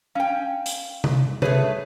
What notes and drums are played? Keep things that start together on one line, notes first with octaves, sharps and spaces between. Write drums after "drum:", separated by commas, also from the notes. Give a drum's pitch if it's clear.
C#4 F5 G5
drum: hi-hat
drum: tom C3
A3 G#4 B4 C#5, drum: tom C3